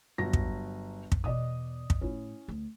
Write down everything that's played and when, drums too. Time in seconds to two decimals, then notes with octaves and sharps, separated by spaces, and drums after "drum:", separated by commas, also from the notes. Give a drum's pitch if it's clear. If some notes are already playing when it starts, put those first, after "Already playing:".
0.18 G1 F#3 A#6
0.33 drum: kick
1.12 drum: kick
1.24 E2 B2 D5 D#5 D#6
1.90 drum: kick
2.01 A2 C#4 E4
2.48 D2